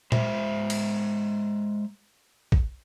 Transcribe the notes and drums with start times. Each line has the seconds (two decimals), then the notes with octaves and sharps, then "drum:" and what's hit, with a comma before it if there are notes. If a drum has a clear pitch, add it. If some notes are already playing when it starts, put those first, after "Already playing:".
0.12 G#3 C5 E5, drum: tom A#2
0.70 drum: cymbal
2.52 drum: kick